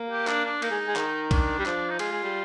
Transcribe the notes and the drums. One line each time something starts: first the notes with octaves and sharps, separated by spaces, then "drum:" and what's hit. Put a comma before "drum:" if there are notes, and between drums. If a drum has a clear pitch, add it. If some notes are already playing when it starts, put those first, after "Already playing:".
Already playing: A#3
G4
D4, drum: clap
D4
A#3 D#4, drum: cymbal
G#3
G#3
D#3, drum: clap
D4, drum: kick B1, cymbal
G3
F3, drum: clap
D#4
G#3 F4, drum: cymbal
G#3
G3